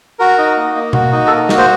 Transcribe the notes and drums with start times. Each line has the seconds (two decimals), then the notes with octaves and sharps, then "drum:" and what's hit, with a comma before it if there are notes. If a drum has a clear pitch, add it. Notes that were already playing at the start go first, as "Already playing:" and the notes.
0.19 F#4 A#4
0.38 D#4
0.57 A#3
0.75 A#3
0.93 F#4, drum: tom B2
1.12 D#4
1.27 A4
1.31 A#3 A#4
1.49 F#4, drum: snare
1.58 C5